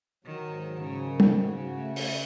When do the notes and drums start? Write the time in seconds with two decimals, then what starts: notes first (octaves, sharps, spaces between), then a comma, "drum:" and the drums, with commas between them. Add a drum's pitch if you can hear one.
0.25 D#3 F#3
0.43 G#2
0.63 F#3
0.82 G#2 C#3
1.01 D#3
1.20 G#2, drum: tom
1.39 C#3 F#4
1.59 F#4
1.78 A3
1.96 A3, drum: open hi-hat